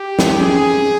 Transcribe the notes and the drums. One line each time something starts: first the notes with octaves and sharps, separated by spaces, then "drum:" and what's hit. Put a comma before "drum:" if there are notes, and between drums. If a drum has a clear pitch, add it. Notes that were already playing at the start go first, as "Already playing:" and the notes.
Already playing: G4
C4, drum: snare
C#4 G#4